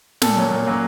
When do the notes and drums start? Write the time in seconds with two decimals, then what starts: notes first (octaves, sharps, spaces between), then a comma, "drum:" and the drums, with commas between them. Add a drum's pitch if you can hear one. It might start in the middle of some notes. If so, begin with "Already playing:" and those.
0.22 A#2 A4, drum: snare
0.37 F#3 A#3 C#4
0.52 A#2
0.67 F#3 A#3 C#4